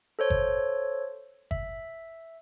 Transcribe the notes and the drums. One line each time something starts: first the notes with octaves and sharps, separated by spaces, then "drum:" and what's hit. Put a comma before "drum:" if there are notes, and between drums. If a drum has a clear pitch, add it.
A4 C5 C#5
drum: kick G1
E5, drum: kick G1